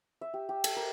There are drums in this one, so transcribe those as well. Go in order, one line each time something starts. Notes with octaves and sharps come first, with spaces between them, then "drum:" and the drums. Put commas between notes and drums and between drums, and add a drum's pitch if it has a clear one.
E5
G4
G4
A4, drum: cymbal
A#4